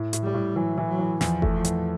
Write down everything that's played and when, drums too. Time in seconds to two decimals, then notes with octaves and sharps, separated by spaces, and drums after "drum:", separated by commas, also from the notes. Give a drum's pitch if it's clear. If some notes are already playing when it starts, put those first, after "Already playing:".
Already playing: A2
0.13 A2, drum: hi-hat
0.23 G3
0.34 A2
0.56 E3 F#3
0.78 E3
0.88 F#3
0.99 E3
1.21 E2 F3, drum: snare
1.42 A3, drum: kick F#1
1.53 F3
1.65 E2, drum: hi-hat